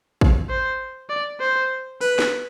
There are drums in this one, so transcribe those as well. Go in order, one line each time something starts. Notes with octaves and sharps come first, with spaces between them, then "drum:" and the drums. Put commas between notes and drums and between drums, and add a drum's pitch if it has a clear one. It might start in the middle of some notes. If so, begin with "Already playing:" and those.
drum: kick
C5
D5
C5
B4, drum: open hi-hat
drum: snare